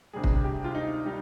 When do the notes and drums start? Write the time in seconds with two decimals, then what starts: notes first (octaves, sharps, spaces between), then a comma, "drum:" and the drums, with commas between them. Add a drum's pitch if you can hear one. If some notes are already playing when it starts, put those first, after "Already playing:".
0.13 D2 C3 G3 G#4
0.24 drum: kick
0.44 G4
0.64 F4
0.75 D#4
1.05 G3 D#4